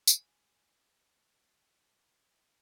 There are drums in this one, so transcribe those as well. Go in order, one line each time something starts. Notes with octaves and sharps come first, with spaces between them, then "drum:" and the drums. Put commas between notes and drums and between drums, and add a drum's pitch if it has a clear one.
G#3 G#5, drum: tambourine